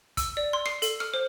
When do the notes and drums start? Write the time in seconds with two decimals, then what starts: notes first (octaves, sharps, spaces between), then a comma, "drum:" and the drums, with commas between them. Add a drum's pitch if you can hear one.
0.17 E6, drum: kick, hi-hat
0.37 D5
0.53 C6
0.66 C7, drum: rim click
0.82 A4, drum: hi-hat
1.00 F6, drum: rim click
1.14 C5